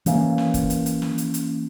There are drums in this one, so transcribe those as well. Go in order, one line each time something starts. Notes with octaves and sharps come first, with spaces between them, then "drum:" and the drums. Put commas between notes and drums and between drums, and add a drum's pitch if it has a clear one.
E3 A#3 C#4, drum: hi-hat
drum: snare
drum: kick F#1, hi-hat
drum: hi-hat
drum: hi-hat
drum: snare
drum: hi-hat
drum: hi-hat